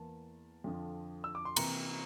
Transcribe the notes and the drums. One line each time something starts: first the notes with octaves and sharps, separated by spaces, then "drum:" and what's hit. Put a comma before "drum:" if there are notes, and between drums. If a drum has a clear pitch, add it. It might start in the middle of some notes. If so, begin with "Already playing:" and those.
Already playing: E2 E3 A#3 A5
F2 D3 F3
E6
D6
C6
C3 E3 A#3 A#5, drum: cymbal